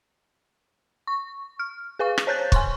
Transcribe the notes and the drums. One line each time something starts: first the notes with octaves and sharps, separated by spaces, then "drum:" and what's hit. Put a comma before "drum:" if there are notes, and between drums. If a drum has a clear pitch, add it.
C#6
F6
G#4 B4 F5 C#6
drum: rim click
C5 C#5 F#6 G6 A6
G#5 C6 C#6, drum: kick